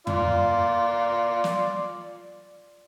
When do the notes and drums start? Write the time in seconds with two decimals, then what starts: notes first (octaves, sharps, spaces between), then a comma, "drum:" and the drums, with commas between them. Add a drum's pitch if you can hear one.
0.07 F4 D5, drum: tom
1.44 drum: snare